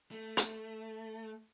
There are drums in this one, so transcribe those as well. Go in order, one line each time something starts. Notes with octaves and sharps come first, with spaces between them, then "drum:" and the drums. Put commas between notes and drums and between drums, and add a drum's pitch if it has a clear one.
A3
drum: hi-hat